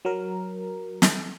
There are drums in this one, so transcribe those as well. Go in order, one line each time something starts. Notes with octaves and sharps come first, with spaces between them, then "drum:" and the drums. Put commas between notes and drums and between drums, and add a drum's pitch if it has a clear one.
F#3 A#4
drum: snare